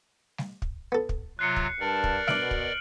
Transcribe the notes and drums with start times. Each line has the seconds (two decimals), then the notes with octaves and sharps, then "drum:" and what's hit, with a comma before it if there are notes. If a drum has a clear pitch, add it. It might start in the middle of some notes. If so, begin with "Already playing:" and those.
0.38 drum: snare
0.62 drum: kick
0.92 B3 A4
1.09 drum: kick
1.39 C3 F#3 F4 F#6 C7 C#7
1.56 drum: kick
1.80 G2 A#4 D5 A5
2.04 drum: kick
2.28 B2 D4 E5 F6 D7 F#7, drum: snare
2.51 drum: kick